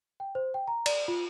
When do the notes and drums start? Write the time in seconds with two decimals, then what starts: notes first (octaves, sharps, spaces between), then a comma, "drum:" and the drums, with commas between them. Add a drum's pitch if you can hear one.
0.20 G5
0.35 C5
0.54 G5
0.68 A#5
0.86 D5, drum: cymbal
1.08 F4